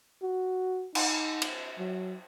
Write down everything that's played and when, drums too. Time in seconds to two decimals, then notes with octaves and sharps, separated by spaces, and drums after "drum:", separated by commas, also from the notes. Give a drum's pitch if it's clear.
0.22 F#4
0.95 D#4, drum: cymbal
1.42 drum: cymbal
1.79 F#3